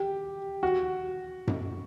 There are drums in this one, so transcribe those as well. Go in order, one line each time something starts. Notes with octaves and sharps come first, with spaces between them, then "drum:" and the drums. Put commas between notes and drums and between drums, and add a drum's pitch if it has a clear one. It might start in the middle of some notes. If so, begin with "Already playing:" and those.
Already playing: G4
F#4
drum: tom F#2